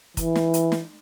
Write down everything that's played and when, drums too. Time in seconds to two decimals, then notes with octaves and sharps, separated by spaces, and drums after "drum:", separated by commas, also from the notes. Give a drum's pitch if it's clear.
0.17 E3, drum: kick, hi-hat
0.36 drum: snare
0.54 drum: hi-hat
0.72 drum: snare